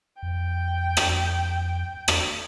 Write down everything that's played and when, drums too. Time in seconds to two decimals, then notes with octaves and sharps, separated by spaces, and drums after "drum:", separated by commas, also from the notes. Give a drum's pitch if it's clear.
0.23 F2 G5
0.97 drum: rim click
2.08 drum: rim click